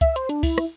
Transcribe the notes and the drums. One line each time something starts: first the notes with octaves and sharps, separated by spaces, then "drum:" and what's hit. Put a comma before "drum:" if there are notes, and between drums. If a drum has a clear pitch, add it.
E5, drum: kick, hi-hat
C5, drum: hi-hat
D4, drum: hi-hat
E4, drum: kick, open hi-hat
drum: rim click